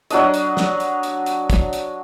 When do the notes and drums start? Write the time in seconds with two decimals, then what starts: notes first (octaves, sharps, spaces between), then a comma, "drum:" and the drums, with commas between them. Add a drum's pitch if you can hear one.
0.11 F#3 D4 D#5, drum: hi-hat
0.34 drum: hi-hat
0.57 drum: snare
0.80 drum: hi-hat
1.03 drum: hi-hat
1.26 drum: hi-hat
1.50 drum: kick, hi-hat
1.73 drum: hi-hat